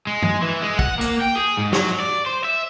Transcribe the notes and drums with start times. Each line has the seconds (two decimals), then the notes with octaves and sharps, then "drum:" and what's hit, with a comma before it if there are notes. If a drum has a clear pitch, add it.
0.07 G#3
0.22 drum: tom G2
0.42 E3
0.62 G#3
0.79 F#5, drum: kick
1.01 A#3, drum: hi-hat
1.22 G5
1.37 G#4
1.59 G#2
1.73 F#3, drum: snare
2.00 D5
2.26 C5
2.44 E5